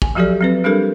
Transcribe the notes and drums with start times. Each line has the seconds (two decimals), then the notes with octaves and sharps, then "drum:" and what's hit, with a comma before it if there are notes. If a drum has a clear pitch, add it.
0.02 G#5, drum: kick
0.15 F3 F#3 F#4 G4 A4 D5
0.41 F#3 C4 B4
0.64 G3 D4 G4 A4 A#4